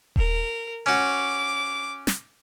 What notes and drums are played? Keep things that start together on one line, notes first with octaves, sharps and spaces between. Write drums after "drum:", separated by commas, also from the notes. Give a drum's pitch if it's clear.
A#4, drum: kick D#1
C#4 F#4 D6
drum: snare